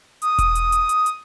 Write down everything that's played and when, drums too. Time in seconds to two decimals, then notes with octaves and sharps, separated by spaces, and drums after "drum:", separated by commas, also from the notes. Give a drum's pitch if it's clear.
0.22 D#6, drum: hi-hat
0.38 drum: kick E1, hi-hat
0.55 drum: hi-hat
0.72 drum: hi-hat
0.89 drum: hi-hat
1.06 drum: hi-hat